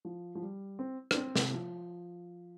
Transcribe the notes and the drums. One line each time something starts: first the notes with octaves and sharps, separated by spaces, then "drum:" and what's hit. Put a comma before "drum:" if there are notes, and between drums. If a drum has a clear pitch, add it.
F3
F3
G3
C4
D4, drum: rim click
C4
C3, drum: snare
F3